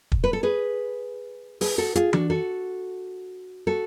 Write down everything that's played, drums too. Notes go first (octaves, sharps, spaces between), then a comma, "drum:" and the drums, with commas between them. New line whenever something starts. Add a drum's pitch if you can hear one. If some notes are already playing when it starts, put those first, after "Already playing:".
drum: kick
B4
A4
G#4 B4
G#4 B4, drum: open hi-hat
F#4 A4
F4 G#4, drum: hi-hat
D4 F#4, drum: tom E3
F#4 A4
F#4 A4